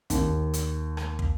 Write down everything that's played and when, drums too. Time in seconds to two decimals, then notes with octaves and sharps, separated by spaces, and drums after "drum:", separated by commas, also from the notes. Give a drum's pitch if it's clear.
0.10 D#2, drum: kick, hi-hat
0.54 drum: hi-hat
0.97 drum: rim click
1.19 drum: kick